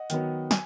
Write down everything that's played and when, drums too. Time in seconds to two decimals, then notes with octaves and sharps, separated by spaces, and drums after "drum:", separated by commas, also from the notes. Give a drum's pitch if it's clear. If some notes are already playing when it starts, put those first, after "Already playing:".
Already playing: D#5 F#5
0.10 D#3 F#3 B3, drum: hi-hat
0.51 G#5, drum: snare